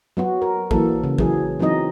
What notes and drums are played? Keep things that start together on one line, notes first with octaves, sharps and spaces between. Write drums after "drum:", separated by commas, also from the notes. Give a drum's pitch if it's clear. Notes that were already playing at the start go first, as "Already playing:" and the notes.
F#3 B3 F#4
A#4
E3 F#3 A#3 A4, drum: kick A1
C#3
E3 F#3 G#4, drum: kick A1
E3 F#3 C4 D#4 D#5